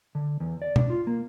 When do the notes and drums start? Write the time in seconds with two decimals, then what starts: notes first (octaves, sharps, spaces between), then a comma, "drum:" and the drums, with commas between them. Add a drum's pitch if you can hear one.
0.15 D3
0.40 E2
0.62 D5
0.76 D4, drum: tom B2
0.90 F4
1.07 A#3